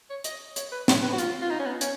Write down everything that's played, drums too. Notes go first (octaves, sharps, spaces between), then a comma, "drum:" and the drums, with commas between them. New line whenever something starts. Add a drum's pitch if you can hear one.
C#5
D#5, drum: hi-hat
C#5, drum: hi-hat
B4
C#5, drum: snare
B4
F#4
F4, drum: hi-hat
F4
D#4
C#4
B3
C#4, drum: hi-hat